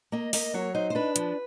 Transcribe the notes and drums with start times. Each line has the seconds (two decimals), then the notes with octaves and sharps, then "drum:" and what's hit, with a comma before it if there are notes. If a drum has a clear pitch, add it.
0.12 A#3 D#5
0.33 A#3 D#5, drum: open hi-hat
0.54 F#3 C#5
0.75 D#4 C5
0.90 C5
0.95 D4 B4
1.16 F3, drum: hi-hat